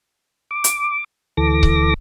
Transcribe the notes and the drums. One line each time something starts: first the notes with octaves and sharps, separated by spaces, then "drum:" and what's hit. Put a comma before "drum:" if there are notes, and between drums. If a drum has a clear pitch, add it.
D6
drum: hi-hat
D2 E3 A4 D6 A#6
drum: kick C#1